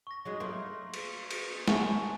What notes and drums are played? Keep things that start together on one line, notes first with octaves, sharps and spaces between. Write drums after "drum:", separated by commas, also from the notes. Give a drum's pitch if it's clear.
C#6 A#6
F#3 G#3 D#4
A3 A#3 A#4 C6
drum: cymbal
drum: cymbal
E5 G#5 A5 C#6, drum: snare